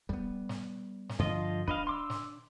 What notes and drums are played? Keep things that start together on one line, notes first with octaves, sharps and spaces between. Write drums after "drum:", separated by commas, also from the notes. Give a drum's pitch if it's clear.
G3 B3, drum: kick
drum: snare
drum: snare
G2 D3 F3 F4 D#5
D4 B4 D#5 F5, drum: kick
C6 D6 E6
drum: snare